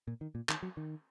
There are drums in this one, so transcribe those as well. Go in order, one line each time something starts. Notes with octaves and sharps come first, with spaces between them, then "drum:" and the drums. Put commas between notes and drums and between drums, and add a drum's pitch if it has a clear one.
A#2
D#3
A#2
D#3, drum: clap
F#3
D#3